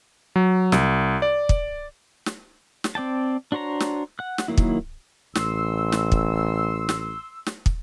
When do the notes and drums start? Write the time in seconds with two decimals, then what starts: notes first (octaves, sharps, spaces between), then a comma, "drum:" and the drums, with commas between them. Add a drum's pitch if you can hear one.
0.36 F#3
0.72 C2, drum: snare
1.22 D5
1.49 drum: kick
2.26 drum: snare
2.84 drum: snare
2.95 C4 D5 G5 A5
3.52 D4 F#4 C5 C#5 A#5
3.80 drum: snare
4.19 F#5 F#6
4.38 drum: snare
4.48 D#3 F#3 A#3 E4
4.57 drum: kick
5.35 A1 C6 E6, drum: snare
5.92 drum: snare
6.12 drum: kick
6.89 drum: snare
7.46 drum: snare
7.66 drum: kick